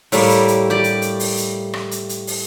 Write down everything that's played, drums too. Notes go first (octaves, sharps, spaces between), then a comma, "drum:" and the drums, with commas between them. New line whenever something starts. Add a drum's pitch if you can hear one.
A2 G3 A3 A#3, drum: open hi-hat
drum: hi-hat
drum: hi-hat
G4 D5
drum: hi-hat
drum: hi-hat
drum: open hi-hat
drum: hi-hat
drum: rim click
drum: hi-hat
drum: hi-hat
drum: open hi-hat